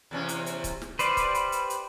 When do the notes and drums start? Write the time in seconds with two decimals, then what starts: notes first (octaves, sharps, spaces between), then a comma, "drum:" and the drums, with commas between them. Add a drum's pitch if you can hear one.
0.11 E2 C3 C#4
0.29 drum: hi-hat
0.46 drum: hi-hat
0.64 drum: kick C#1, hi-hat
0.82 drum: snare
0.99 G3 B4 C5 D5, drum: hi-hat
1.17 drum: kick C#1, hi-hat
1.35 drum: hi-hat
1.52 drum: hi-hat
1.70 drum: hi-hat